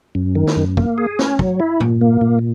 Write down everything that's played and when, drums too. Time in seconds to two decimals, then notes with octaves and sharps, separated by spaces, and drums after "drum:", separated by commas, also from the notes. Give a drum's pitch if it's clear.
0.15 F#2
0.35 D#3
0.47 drum: snare
0.57 F#2
0.77 A#3, drum: kick
0.98 G#4
1.19 C#4, drum: snare
1.39 F#3, drum: kick
1.60 E4
1.80 A#2, drum: tom
2.01 A#3
2.21 A#2